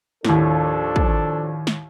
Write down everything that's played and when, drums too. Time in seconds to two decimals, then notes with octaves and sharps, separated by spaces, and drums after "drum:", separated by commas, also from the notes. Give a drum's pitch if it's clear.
0.25 D#2 A2 F3 D4 A4, drum: snare
0.96 drum: kick
1.67 drum: snare